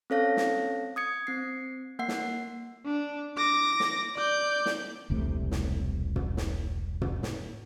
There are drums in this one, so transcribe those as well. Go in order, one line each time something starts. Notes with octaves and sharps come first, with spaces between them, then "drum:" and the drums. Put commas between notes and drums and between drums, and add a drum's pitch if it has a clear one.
C4 C#4 A4 C#5 F5 A#6
drum: snare
D#6 G#6 C#7
C4 C7
A#3 F#5 C7
drum: snare
D4
D6 A#6
drum: snare
D5 G6
drum: snare
E1 C2 C3 A3
drum: snare
drum: tom
drum: snare
drum: tom
drum: snare